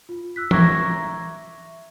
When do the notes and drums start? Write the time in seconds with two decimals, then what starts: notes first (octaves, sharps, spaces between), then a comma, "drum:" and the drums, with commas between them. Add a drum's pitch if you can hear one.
0.09 F4
0.36 E6 F#6 B6
0.51 E5 A#5 C#6 D6 G#6 A#6, drum: tom E3
1.02 E5